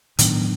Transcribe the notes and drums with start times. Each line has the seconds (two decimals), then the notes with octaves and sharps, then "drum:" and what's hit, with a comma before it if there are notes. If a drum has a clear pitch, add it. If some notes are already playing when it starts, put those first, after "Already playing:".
0.19 A2 D#3 F#3 B3 D4, drum: hi-hat